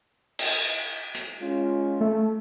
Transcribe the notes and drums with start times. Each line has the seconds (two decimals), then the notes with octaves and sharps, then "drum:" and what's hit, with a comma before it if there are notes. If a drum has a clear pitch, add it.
0.39 drum: cymbal
1.15 drum: hi-hat
1.42 G#3 C#4 F4
2.01 A3